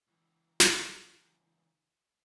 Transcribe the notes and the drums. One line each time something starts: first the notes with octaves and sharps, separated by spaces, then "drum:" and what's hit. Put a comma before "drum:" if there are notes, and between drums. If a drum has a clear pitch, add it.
C#2 E3
drum: snare